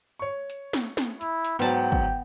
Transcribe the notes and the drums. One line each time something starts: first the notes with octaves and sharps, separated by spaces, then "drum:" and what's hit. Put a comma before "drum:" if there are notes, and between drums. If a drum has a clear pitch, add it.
C#5 C#6
drum: hi-hat
drum: snare
drum: snare
E4, drum: hi-hat
drum: hi-hat
G#2 F#3 B3 F#5 G5 A5
drum: hi-hat
drum: kick